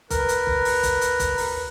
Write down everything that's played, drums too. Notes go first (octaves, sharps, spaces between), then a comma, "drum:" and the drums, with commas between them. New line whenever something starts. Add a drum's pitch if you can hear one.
A#4 B4, drum: kick, hi-hat
drum: hi-hat
drum: kick
drum: open hi-hat
drum: kick, hi-hat
drum: hi-hat
drum: kick, hi-hat
drum: open hi-hat